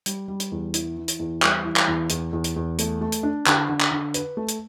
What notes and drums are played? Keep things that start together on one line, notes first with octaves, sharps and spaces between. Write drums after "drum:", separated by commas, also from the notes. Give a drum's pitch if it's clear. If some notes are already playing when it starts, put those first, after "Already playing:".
G3, drum: hi-hat
G3
drum: hi-hat
E2
E3, drum: hi-hat
E3
drum: hi-hat
E2
G3, drum: clap
E3
drum: clap
E2
E2, drum: hi-hat
E2
drum: hi-hat
E2
A3, drum: hi-hat
A3
drum: hi-hat
D4
D3, drum: clap
D3
drum: clap
D3
B4, drum: hi-hat
A3
drum: hi-hat